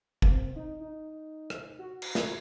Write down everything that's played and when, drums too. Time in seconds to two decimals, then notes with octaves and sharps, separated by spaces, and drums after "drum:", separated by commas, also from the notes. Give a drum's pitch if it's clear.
0.22 A#3, drum: kick
0.32 C4
0.56 D#4
0.81 D#4
1.50 drum: rim click
1.79 F#4
2.02 drum: cymbal
2.15 drum: snare